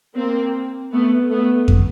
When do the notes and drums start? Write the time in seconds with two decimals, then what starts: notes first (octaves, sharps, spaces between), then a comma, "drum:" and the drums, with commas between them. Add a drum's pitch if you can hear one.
0.15 A#3 C4
0.93 A3 B3
1.30 A3 B3
1.68 drum: kick F2